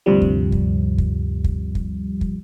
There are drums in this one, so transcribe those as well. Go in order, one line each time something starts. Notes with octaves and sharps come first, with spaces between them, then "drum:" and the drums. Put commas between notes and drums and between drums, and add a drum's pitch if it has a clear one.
D2 G2 C3 F3 G3
drum: kick
drum: kick
drum: kick
drum: kick
drum: kick
drum: kick